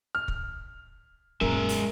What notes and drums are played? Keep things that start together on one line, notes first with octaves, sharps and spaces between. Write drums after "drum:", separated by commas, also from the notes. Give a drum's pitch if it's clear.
F6
drum: kick
F#2 A#2 G#3 A#4 E5, drum: kick
drum: open hi-hat